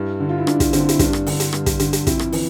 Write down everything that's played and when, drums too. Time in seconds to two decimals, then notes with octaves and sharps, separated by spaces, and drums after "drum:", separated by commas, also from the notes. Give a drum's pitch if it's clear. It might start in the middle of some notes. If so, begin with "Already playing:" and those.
Already playing: G2 E4
0.20 D3
0.29 F4
0.38 E4
0.47 G2 D4, drum: rim click
0.60 drum: kick, hi-hat
0.73 D3 C4, drum: hi-hat
0.89 E4, drum: hi-hat
0.99 G2 D4, drum: kick, hi-hat
1.13 drum: rim click
1.27 D3, drum: open hi-hat
1.40 drum: hi-hat
1.53 G2, drum: rim click
1.66 drum: kick, hi-hat
1.80 D3, drum: hi-hat
1.93 drum: hi-hat
2.07 F2 E4, drum: kick, hi-hat
2.19 drum: rim click
2.32 E3, drum: open hi-hat